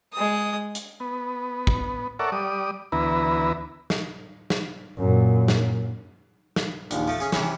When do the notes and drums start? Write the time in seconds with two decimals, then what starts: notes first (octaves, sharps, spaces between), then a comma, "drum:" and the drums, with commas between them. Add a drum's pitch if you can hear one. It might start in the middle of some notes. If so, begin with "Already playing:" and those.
0.13 G#3 D#6
0.75 drum: hi-hat
1.00 B3
1.67 drum: kick
2.19 A4 A#4 C#5 D5 E5 F#5
2.32 G3 D5 D#6
2.92 D2 E3 B3 E4 B4 A#5
3.90 drum: snare
4.50 drum: snare
4.98 F#2 A#2
5.48 drum: snare
6.56 drum: snare
6.91 A#1 D#2, drum: hi-hat
7.08 F3 A3
7.20 C#4 G#4
7.32 C3 E3 C#4, drum: snare